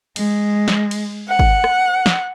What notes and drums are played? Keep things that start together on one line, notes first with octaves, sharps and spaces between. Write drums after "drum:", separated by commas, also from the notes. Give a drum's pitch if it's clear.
G#3, drum: cymbal
drum: snare
drum: cymbal
F#5
drum: kick G#1
drum: rim click
drum: snare